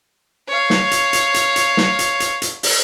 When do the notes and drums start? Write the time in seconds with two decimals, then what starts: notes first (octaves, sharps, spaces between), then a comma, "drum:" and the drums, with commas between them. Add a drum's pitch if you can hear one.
0.49 C#5 F5
0.70 drum: snare
0.91 drum: hi-hat
1.13 drum: hi-hat
1.34 drum: hi-hat
1.56 drum: hi-hat
1.77 drum: snare
1.99 drum: hi-hat
2.20 drum: hi-hat
2.42 drum: hi-hat
2.63 drum: open hi-hat